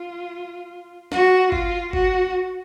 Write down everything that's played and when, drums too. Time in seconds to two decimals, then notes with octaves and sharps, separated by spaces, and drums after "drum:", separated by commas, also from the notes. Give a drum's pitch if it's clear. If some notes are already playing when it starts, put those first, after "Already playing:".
Already playing: F4
1.12 F#4, drum: snare
1.52 F4, drum: kick G1
1.93 F#4, drum: kick G1